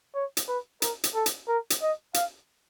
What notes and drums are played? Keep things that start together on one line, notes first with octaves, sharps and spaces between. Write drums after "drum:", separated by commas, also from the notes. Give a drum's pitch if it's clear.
C#5
drum: hi-hat
B4
A#4, drum: hi-hat
drum: hi-hat
A4
drum: hi-hat
A#4
drum: hi-hat
D#5
F5, drum: hi-hat